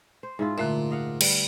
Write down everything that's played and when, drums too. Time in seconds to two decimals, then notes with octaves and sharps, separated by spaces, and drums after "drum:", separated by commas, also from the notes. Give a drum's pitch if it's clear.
0.23 C5
0.39 G#2 E4 F4
0.58 A#2 D3 A3 E5
0.91 D#5 F5 F#5
1.21 G3 B4, drum: cymbal